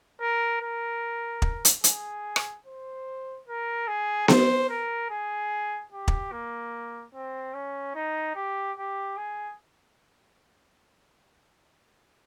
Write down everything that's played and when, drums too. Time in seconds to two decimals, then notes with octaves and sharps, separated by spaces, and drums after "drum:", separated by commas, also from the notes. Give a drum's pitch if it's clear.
0.21 A#4
0.62 A#4
1.42 drum: kick
1.65 drum: hi-hat
1.84 G#4, drum: hi-hat
2.36 drum: rim click
2.66 C5
3.48 A#4
3.88 G#4
4.28 C5, drum: snare B3
4.70 A#4
5.10 G#4
5.92 G4
6.08 drum: kick
6.32 A#3
7.14 C4
7.54 C#4
7.95 D#4
8.35 G4
8.77 G4
9.17 G#4